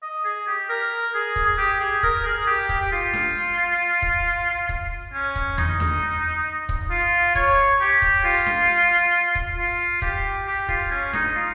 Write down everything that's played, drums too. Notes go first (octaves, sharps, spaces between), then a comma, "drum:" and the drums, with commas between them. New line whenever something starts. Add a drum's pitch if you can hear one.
D#5
G#4
G4
A#4
G#4
drum: kick
G#4
G4
G#4
A#4, drum: kick
G#4
G4
drum: kick
G4
F4
drum: snare
drum: kick
drum: kick
C#4
drum: kick
D#4, drum: tom E2
drum: snare
drum: kick
F4
C#5, drum: kick
G4
drum: kick
F4
drum: snare
drum: kick
F4
G4, drum: kick
G4
F4, drum: kick
C#4
D#4, drum: snare
F4